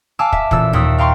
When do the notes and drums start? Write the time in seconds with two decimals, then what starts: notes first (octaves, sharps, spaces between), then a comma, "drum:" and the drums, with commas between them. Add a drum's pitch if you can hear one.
0.19 F5 G#5 A5 D6 E6
0.33 E5, drum: kick
0.51 A1 A#2 E6 A6, drum: kick
0.73 D#2 E5 D#6 E6
0.98 F5 G5 A#5 C6 C#6